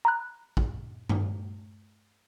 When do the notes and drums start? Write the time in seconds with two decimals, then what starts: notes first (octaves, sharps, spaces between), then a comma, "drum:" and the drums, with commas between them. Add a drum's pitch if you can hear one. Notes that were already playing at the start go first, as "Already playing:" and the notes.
0.05 A#5 B5 F#6
0.57 drum: kick
1.09 drum: tom G2